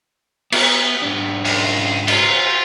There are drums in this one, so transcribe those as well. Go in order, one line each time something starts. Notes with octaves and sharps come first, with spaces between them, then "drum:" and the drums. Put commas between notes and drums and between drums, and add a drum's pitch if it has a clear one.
B3, drum: cymbal
G#2 D4
C#2, drum: open hi-hat
F4, drum: cymbal
C5